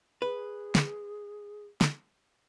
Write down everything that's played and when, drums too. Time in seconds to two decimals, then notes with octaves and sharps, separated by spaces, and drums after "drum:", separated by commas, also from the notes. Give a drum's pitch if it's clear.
0.22 G#4 B4
0.75 drum: snare
1.81 drum: snare